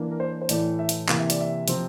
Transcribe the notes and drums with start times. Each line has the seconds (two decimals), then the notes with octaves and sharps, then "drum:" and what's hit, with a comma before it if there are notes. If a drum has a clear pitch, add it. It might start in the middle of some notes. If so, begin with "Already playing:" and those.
Already playing: E3 A#3 D4
0.11 A#4
0.20 C5
0.41 C5
0.49 A2 E3 A3 D5, drum: hi-hat
0.79 E5
0.89 drum: hi-hat
1.08 C3 E3 A#3 F5, drum: clap
1.19 E5
1.30 D5, drum: hi-hat
1.41 E5
1.68 C3 F3 C4, drum: hi-hat